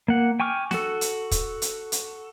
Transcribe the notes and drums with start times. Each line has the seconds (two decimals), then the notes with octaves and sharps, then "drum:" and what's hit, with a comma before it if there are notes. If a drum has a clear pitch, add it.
0.08 A#3 F#5
0.40 G5 G#5 C#6 D6 F6
0.71 F#4 A4, drum: snare
1.01 drum: hi-hat
1.31 drum: kick, hi-hat
1.62 drum: hi-hat
1.92 drum: hi-hat